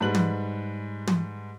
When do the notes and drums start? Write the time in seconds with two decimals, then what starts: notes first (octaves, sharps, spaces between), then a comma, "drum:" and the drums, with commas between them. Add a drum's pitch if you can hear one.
0.01 G#2 G3 B4 F#7
0.15 drum: tom
1.07 drum: tom